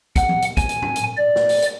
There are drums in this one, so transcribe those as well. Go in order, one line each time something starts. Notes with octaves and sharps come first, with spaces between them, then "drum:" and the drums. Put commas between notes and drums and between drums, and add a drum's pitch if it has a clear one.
F#5, drum: kick, hi-hat
drum: tom E3
drum: hi-hat
G#5, drum: kick, hi-hat
drum: hi-hat
drum: tom G#2
drum: hi-hat
D5
drum: snare
drum: open hi-hat
drum: hi-hat